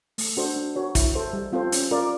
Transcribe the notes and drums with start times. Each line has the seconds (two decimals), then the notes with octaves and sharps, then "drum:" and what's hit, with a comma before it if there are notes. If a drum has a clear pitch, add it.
0.18 A3, drum: open hi-hat
0.37 D4 F#4 A4 C5
0.56 D4
0.76 F#4 A#4 C#5
0.95 E4, drum: kick, hi-hat
1.15 A4 C5 E5
1.33 G3
1.52 C4 F4 A4 C5
1.72 C#4, drum: hi-hat
1.91 F4 A#4 D5 F5